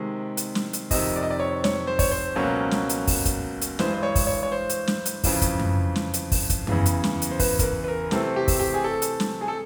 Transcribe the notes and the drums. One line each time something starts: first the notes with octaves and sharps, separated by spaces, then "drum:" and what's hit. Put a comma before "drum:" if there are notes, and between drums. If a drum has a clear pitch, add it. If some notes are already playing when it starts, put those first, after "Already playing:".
Already playing: C3 D#3 G#3
drum: hi-hat
drum: snare
drum: hi-hat
F2 C3 D#3 D#5, drum: kick, open hi-hat
D5
D#5
D5
C#5
C#5, drum: snare
C5
C#5, drum: kick, open hi-hat
C5
C#2 B2 F#3 A#3 C#4
drum: snare
drum: hi-hat
drum: kick, open hi-hat
drum: kick, hi-hat
drum: hi-hat
G2 E3 G#3 C5, drum: snare
C5
C#5
drum: kick, open hi-hat
C#5
C#5
C5
drum: hi-hat
drum: snare
drum: hi-hat
F2 C#3 E3, drum: kick, open hi-hat
drum: kick, hi-hat
drum: tom F#2
drum: snare
drum: hi-hat
drum: kick, open hi-hat
drum: kick, hi-hat
E2 C#3 E3, drum: tom F#2
drum: hi-hat
drum: snare
drum: hi-hat
C5
B4, drum: kick, open hi-hat
A#4, drum: kick, hi-hat
B4
B4
A#4
C3 E3 A3 C4 A4, drum: snare
G4
drum: kick, open hi-hat
G4
G#4
A4
drum: hi-hat
drum: snare
G#4
A4